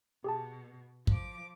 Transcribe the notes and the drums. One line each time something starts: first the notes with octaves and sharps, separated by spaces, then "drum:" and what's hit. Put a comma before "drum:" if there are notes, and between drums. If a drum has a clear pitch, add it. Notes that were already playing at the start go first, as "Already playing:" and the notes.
B2 G4 G#4 A5
F3 D6, drum: kick